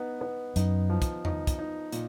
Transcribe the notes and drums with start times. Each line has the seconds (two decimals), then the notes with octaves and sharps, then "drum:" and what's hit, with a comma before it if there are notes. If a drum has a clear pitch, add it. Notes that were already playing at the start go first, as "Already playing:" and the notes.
Already playing: B3 D#4
0.21 B3
0.56 F#2 D#4, drum: hi-hat
0.90 F3
1.02 drum: kick, hi-hat
1.25 D#4, drum: tom E2
1.47 drum: kick, hi-hat
1.59 D#4
1.92 A#2, drum: hi-hat